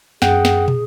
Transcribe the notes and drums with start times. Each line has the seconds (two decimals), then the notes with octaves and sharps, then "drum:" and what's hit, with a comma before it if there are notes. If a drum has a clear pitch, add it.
0.22 F#2 G#4 F#5 G5, drum: snare
0.45 drum: snare
0.68 drum: tom